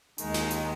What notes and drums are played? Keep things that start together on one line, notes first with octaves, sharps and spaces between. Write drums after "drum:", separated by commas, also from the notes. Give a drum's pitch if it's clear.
D#2 D#3 G#3, drum: hi-hat
drum: snare
drum: hi-hat